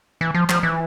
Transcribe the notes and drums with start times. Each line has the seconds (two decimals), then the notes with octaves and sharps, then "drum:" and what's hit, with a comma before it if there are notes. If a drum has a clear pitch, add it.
0.21 E3
0.34 F3
0.49 F3, drum: clap
0.63 E3